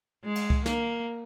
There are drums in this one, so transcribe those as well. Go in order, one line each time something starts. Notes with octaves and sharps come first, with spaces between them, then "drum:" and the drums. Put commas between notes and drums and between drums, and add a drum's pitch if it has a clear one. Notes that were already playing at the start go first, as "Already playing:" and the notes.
G#3
drum: cymbal
drum: kick C2
A#3, drum: snare